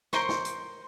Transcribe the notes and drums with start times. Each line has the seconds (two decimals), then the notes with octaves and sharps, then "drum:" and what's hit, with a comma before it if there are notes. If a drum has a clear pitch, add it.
0.13 A#4 C5 C6 C#6, drum: snare
0.29 drum: snare
0.45 drum: hi-hat